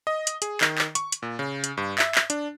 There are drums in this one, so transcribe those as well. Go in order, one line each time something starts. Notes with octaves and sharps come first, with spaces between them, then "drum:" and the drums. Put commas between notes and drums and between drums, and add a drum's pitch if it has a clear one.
D#5
drum: hi-hat
G#4, drum: hi-hat
D#3, drum: clap
drum: clap
C#6, drum: hi-hat
drum: hi-hat
A#2
C#3
drum: hi-hat
G2
E5, drum: clap
drum: clap
D4, drum: hi-hat